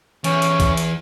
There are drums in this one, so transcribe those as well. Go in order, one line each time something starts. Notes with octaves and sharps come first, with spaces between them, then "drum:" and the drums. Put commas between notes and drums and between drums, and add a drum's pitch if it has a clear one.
E2 C#4, drum: hi-hat
drum: hi-hat
drum: kick C2, hi-hat
drum: hi-hat